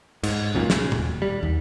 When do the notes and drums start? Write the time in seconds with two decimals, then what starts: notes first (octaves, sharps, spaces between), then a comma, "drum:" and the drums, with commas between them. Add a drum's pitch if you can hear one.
0.23 G#2, drum: cymbal
0.55 C#2 F#2 A#2
0.70 C#3, drum: snare
0.92 D#1, drum: tom A#2
1.22 G3
1.43 D#2